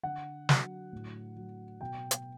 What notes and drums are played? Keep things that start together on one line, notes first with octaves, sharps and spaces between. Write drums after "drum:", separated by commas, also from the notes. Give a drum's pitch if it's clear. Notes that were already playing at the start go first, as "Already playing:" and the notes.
D3 F#5
F#3, drum: snare
A2
F#3
B2 G5
drum: hi-hat